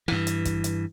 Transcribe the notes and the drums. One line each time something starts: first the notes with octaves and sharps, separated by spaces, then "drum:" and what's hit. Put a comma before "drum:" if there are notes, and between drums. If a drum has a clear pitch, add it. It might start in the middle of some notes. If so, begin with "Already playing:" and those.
G2 E3, drum: rim click
drum: hi-hat
drum: kick, hi-hat
drum: hi-hat